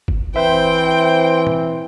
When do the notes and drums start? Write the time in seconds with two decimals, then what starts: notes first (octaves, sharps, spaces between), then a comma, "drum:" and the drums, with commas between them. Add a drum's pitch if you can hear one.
0.08 drum: kick
0.36 E3 C4 B4 C5 E5 G5
1.47 drum: tom